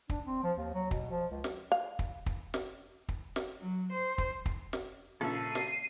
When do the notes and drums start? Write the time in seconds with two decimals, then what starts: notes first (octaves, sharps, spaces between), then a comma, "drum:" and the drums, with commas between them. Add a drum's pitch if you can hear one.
0.10 D4, drum: kick
0.25 C4
0.43 F3
0.57 D#2
0.74 F#3
0.91 B2, drum: kick
1.11 F3
1.31 C#2
1.44 drum: snare
1.72 F5
1.99 drum: kick
2.26 drum: kick
2.54 drum: snare
3.09 drum: kick
3.36 drum: snare
3.60 F#3
3.92 C5
4.18 drum: kick
4.46 drum: kick
4.73 drum: snare
5.21 A#1 C#3 A4 E5 C7 D#7
5.55 drum: snare